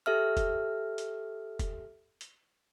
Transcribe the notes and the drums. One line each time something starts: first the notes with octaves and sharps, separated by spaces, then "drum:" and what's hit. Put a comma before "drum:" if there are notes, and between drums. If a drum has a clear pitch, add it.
G4 A4 E5 F6
drum: kick, hi-hat
drum: hi-hat
drum: kick, hi-hat
drum: hi-hat